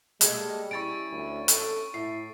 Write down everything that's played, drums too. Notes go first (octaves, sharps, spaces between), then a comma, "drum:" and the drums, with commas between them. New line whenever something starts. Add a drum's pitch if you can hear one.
G3 G#3 A#3 A4, drum: hi-hat
C#4 E4 C#6 A6 D7
D2
A4, drum: hi-hat
A2 E4 C7